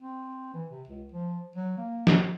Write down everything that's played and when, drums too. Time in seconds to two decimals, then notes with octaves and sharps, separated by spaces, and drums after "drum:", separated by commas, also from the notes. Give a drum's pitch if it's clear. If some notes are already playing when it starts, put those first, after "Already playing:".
0.01 C4
0.54 E3
0.71 C3
0.88 C#2
1.12 F3
1.56 F#3
1.77 A#3
2.07 drum: snare